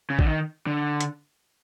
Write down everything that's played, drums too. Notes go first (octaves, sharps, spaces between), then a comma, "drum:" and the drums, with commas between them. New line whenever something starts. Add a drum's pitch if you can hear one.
C#3
D3, drum: kick A1
D#3
D3
drum: hi-hat